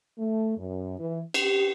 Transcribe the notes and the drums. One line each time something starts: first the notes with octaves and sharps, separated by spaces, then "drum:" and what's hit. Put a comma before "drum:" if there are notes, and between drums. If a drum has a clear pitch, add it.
A3
F#2
E3
G4, drum: cymbal